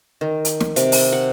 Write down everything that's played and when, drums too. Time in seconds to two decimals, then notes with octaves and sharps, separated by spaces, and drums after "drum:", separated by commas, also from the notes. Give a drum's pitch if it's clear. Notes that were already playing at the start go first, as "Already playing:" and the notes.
0.21 D#3
0.45 drum: hi-hat
0.60 drum: snare
0.76 C3, drum: hi-hat
0.92 drum: open hi-hat
1.12 F#5